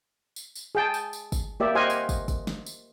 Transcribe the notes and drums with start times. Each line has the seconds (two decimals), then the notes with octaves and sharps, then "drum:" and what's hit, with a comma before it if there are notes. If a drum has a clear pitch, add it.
0.36 drum: tambourine
0.56 drum: tambourine
0.75 G#4 G5 A5
0.94 drum: tambourine
1.13 drum: tambourine
1.32 drum: kick, tambourine
1.60 A#3 G4 D5 E5
1.75 G4 C5 D#5 F5 F#5 G#5
1.90 drum: tambourine
2.09 drum: kick, tambourine
2.28 drum: kick, tambourine
2.47 drum: snare
2.66 drum: tambourine